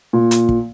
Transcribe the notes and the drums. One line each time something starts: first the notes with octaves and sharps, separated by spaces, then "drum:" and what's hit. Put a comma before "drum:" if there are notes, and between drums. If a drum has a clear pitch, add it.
A#2
drum: hi-hat
drum: kick